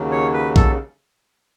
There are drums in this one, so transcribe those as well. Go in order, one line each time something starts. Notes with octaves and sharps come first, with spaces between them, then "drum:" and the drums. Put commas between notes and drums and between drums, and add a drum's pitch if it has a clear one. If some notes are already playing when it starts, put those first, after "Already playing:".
Already playing: D#2 C#3 F#3
C#5
B4
A4, drum: kick A#1